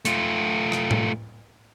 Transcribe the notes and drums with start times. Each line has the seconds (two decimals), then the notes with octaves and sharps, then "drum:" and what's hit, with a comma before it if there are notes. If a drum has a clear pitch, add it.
0.05 A3 F4, drum: hi-hat
0.72 drum: rim click
0.91 drum: tom A2